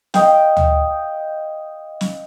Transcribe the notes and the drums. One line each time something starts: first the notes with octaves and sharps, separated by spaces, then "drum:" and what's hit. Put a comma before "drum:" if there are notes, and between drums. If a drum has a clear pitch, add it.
D#5 F5 G5, drum: snare
drum: tom D2
drum: snare